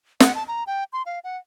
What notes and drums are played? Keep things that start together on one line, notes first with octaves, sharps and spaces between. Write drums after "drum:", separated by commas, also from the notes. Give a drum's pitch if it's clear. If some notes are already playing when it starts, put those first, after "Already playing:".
F#5, drum: snare
A5
A#5
G5
C6
F5
F#5